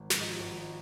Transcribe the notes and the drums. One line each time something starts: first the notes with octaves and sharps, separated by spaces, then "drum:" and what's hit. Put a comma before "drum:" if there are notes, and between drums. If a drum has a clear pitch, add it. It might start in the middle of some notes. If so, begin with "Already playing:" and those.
Already playing: G#1
G#2 F3, drum: snare
D#5
G#1